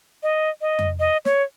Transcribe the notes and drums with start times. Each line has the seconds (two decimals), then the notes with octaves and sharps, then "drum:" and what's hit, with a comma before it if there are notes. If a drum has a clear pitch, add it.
0.23 D#5
0.61 D#5
0.79 drum: tom F2
1.00 D#5
1.25 C#5, drum: snare